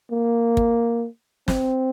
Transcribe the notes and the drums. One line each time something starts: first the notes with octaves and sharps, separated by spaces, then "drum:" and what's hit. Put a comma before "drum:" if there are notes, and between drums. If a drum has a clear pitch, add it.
A#3
drum: kick
C4, drum: snare